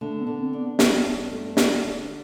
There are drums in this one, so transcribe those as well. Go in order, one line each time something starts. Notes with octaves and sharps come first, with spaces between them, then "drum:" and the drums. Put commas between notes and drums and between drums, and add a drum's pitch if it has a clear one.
D3 A3
B3
D3
B3
C4
D4
B3
D4, drum: snare
G2
A3
D4, drum: snare
D3